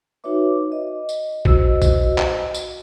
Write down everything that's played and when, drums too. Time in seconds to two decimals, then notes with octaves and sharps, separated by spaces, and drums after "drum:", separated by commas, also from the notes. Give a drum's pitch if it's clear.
0.24 D#4 F#4 B4 C#5 E5 D6
0.72 D#5
1.09 drum: tambourine
1.45 F#4 C5 D#5 E6, drum: kick A#1
1.82 drum: kick A#1, tambourine
2.18 drum: clap
2.54 drum: tambourine